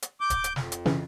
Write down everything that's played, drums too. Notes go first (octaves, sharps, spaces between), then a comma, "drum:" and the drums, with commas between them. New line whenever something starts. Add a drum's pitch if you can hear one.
drum: hi-hat
D6 G6
drum: kick, hi-hat
drum: hi-hat
F2, drum: snare
drum: hi-hat
C#3 E3, drum: snare